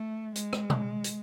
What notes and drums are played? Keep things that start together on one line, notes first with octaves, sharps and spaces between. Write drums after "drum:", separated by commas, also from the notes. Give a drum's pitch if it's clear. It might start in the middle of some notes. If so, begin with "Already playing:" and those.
Already playing: A3
G#3, drum: hi-hat
drum: rim click
drum: tom B2
drum: hi-hat